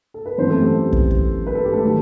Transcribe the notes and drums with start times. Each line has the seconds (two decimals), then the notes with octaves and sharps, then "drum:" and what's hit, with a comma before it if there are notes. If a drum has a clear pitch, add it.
0.14 A4
0.26 B4
0.38 F#2 E3 B3 C4 C5
0.50 A3 A4
0.62 G4
0.92 drum: kick
1.11 drum: kick
1.47 B4
1.55 A4
1.64 G4
1.73 A3 A4
1.84 D#3 F#3